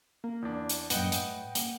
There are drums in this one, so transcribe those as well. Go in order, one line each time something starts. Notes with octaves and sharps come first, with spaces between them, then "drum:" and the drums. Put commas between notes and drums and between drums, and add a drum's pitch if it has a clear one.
A#3
E2 D4
drum: hi-hat
F#2 A#2 B4 D#5 F#5 G5, drum: hi-hat
A2, drum: hi-hat
A#3, drum: hi-hat